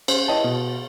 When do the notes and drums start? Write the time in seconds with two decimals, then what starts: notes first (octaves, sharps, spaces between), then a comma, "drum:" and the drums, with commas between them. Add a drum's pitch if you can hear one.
0.08 C#4 C5 C6, drum: cymbal
0.28 E4 B4 C#5 D#5 G5 A5
0.44 B2